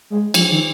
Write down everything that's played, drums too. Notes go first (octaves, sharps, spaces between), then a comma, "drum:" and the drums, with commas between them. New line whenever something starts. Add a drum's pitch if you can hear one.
G#3
F3, drum: cymbal
D#3